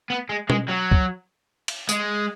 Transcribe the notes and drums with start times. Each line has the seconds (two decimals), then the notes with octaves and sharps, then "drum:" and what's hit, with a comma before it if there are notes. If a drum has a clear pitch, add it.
0.10 B3
0.29 G#3
0.50 G#3, drum: tom
0.69 F#3
0.92 drum: kick
1.68 drum: cymbal
1.89 G#3, drum: tambourine